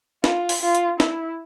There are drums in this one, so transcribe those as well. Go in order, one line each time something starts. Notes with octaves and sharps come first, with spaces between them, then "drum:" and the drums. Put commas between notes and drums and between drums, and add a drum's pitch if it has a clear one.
F4, drum: snare
drum: open hi-hat
F4
drum: hi-hat
E4, drum: snare